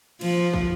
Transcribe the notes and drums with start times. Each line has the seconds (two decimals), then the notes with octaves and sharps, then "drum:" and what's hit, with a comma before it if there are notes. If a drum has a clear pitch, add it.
0.21 F3, drum: cymbal
0.53 drum: kick